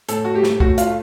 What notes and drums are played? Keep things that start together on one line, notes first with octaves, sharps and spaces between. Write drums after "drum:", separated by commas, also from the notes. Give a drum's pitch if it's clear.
A2 A4, drum: hi-hat
F#4
A3 G4
drum: snare
A2 F#4, drum: kick
F4, drum: hi-hat
A3